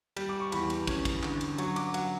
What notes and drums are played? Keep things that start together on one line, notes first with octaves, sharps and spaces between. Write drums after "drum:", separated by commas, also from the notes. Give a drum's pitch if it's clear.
G3, drum: cymbal
D6
C#6
E2 B5, drum: cymbal
drum: cymbal
C#4, drum: kick, cymbal
drum: kick, cymbal
D3, drum: clap
drum: cymbal
F#3 C#6, drum: cymbal
D6, drum: cymbal
F#3 F#5, drum: cymbal